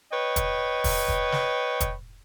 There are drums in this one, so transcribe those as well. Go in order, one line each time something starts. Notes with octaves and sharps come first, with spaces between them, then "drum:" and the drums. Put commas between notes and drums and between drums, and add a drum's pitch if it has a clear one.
B4 C#5 D#5 G5
drum: kick, hi-hat
drum: kick, open hi-hat
drum: kick
drum: snare
drum: kick, hi-hat